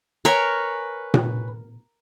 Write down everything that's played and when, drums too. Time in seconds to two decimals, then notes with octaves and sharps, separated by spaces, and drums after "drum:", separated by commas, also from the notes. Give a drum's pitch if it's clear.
0.25 A#4 B4 C#5 G#5
1.14 drum: tom A#2